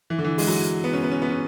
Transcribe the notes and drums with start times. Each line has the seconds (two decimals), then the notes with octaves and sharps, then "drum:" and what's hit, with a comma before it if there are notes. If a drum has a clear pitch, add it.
0.10 E3
0.18 D3
0.24 E3
0.38 G#3, drum: open hi-hat
0.47 F#3
0.84 B3
0.93 C#4
1.03 B3
1.12 C#4
1.22 B3
1.30 C#4